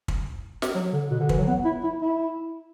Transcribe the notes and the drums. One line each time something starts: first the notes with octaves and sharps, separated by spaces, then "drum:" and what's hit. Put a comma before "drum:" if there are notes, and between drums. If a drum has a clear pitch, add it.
drum: kick
drum: snare
F#3
D3
B2
D3
E3, drum: kick
F#3
B3
E4
E4
E4